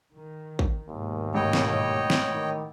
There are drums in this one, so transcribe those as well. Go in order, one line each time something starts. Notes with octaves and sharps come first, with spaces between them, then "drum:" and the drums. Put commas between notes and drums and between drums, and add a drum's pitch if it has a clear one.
D#3
drum: kick
D#2 G#2 B2 A#3
A1 C#5 D#5 G5
drum: snare
drum: snare
D#3